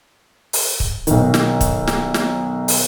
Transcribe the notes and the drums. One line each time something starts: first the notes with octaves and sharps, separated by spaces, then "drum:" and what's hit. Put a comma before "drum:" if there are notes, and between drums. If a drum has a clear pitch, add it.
drum: open hi-hat
drum: kick
B1 D#3, drum: hi-hat
drum: snare
drum: kick, hi-hat
drum: snare
drum: snare
drum: open hi-hat